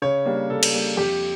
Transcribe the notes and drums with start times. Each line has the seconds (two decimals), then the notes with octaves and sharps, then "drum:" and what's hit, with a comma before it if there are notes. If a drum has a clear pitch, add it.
0.02 C#3 C#5
0.25 G3 A#3 D4
0.50 C#3 A4
0.63 drum: cymbal
0.73 G3 A#3 D4
0.97 F2 G4